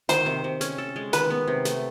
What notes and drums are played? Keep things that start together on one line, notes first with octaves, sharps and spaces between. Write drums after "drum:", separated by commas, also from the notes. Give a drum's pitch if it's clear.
D#3 C5, drum: snare
C3
C3
C#4, drum: snare
A4
G#3
D#3 B4, drum: snare
B3
C3
A3, drum: snare